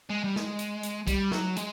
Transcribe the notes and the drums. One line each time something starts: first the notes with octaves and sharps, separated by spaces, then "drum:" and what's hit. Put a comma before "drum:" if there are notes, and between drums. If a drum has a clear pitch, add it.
G#3
G3
G#3, drum: snare
drum: hi-hat
drum: hi-hat
G3, drum: kick B1, hi-hat
F#3, drum: snare
G#3, drum: hi-hat